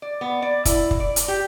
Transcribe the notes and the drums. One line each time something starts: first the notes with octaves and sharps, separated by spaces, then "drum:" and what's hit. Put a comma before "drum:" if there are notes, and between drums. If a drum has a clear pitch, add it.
D5
B3
D5
E4, drum: kick, hi-hat
drum: kick
D5
drum: hi-hat
G4